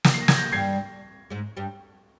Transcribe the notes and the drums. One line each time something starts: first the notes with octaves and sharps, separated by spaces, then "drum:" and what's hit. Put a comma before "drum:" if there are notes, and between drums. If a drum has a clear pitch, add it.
drum: snare
C7
A#6
G#6, drum: snare
G6 A#6
G2 G3 G#6 C7
G#2 G#3
G2 G3